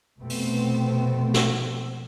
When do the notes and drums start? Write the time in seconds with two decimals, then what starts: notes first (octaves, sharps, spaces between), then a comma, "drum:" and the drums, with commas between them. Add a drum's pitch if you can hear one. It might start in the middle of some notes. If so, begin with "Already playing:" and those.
0.19 F1 F2 B2 A3 B3 C4
0.30 drum: open hi-hat
1.34 drum: snare